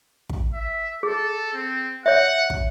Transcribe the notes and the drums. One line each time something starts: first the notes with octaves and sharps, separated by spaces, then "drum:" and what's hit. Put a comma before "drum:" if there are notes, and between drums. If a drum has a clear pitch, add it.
drum: kick
E5
G#4 A4
C4
C#5 E5 F#5
drum: kick